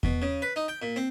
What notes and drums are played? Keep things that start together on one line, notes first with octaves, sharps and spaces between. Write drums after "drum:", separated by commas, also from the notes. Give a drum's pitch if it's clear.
B2, drum: kick E2
C#3
B4
D#4
G5
A#2
C4